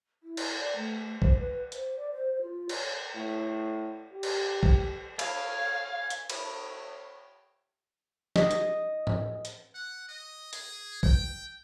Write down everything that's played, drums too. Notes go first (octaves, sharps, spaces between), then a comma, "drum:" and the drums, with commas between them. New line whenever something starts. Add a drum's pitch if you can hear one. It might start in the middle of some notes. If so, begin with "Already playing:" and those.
E4
drum: cymbal
D5
A3
C5, drum: kick
B4
C5, drum: hi-hat
D5
C5
F4
C#5, drum: cymbal
A2
G4
drum: cymbal
drum: kick
F5 G#5, drum: cymbal
drum: hi-hat
drum: cymbal
D#5, drum: snare
drum: hi-hat
drum: tom
drum: hi-hat
F#5
D#5
G#4, drum: hi-hat
G5, drum: kick